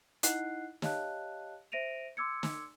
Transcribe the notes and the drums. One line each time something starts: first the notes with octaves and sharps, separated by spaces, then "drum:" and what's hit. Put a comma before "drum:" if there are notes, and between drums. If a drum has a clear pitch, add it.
D#4 E4 D#5 F#5 F#6 C7, drum: hi-hat
G4 C#5 D#5 F5 A5 F#6, drum: snare
C5 E5 A#6 D7 D#7 F7
C6 D6 E6 G#6 C#7
drum: snare